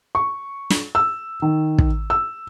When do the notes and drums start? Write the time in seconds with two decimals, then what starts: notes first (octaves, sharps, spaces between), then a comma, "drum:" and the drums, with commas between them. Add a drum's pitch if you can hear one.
0.15 C#6
0.70 drum: snare
0.95 E6
1.42 D#3
1.78 drum: kick
2.10 E6